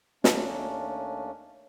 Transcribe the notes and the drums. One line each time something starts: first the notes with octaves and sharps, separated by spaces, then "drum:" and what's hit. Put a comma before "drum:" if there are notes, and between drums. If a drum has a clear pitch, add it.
D#2 A3 A#3 C#4 D4, drum: snare